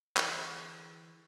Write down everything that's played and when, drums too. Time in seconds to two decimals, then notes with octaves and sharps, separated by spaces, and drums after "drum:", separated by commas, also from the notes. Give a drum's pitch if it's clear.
0.17 D3 E3 G#3 D4, drum: clap